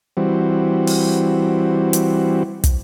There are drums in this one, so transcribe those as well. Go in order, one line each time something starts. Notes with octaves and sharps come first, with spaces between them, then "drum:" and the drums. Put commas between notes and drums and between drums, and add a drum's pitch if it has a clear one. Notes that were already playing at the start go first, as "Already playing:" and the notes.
E3 G3 C4 F#4
drum: open hi-hat
drum: hi-hat
drum: kick, hi-hat